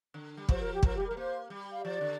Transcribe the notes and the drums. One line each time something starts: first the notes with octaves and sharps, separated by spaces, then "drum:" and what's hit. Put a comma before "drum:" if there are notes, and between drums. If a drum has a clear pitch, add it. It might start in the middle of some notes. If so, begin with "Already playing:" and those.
D3
G3
F3 C5, drum: kick
A#4
G4
F3 A#4, drum: kick
G3 G4
G3 A#4
A#3 C5
G3
F5
F3 D5
D3